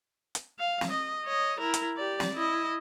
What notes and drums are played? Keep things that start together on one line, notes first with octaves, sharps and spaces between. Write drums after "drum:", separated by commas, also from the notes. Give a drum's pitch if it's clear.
drum: hi-hat
F5
drum: snare
D#5
C#5 D#5
E4 A#4
drum: hi-hat
G4 D5
drum: snare
E4 D#5